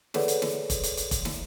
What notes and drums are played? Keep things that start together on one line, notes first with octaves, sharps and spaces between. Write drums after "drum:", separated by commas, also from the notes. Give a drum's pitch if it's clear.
G#4 A4 B4 C#5 D5 F#5, drum: snare
drum: hi-hat
drum: snare
drum: kick, hi-hat
drum: hi-hat
drum: hi-hat
drum: kick, hi-hat
drum: snare